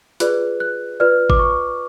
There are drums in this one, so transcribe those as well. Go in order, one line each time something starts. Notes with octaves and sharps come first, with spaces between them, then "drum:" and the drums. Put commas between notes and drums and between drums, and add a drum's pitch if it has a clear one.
F4 G#4 B4 D5 F#6, drum: hi-hat
F#6
F4 B4 D5 F6
D6, drum: kick G#1
C#6